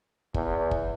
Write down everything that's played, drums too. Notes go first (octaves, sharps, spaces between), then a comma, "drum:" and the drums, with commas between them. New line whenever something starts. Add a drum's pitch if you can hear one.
E2, drum: kick
drum: kick